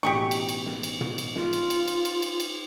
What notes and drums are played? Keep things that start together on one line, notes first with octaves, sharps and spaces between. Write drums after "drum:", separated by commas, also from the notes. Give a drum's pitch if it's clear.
A1 B2 G4 G#4 C#6 D7
drum: cymbal
drum: cymbal
drum: snare
drum: cymbal
drum: tom
drum: cymbal
F4, drum: snare
drum: cymbal
drum: cymbal
drum: cymbal
drum: cymbal
drum: cymbal
drum: cymbal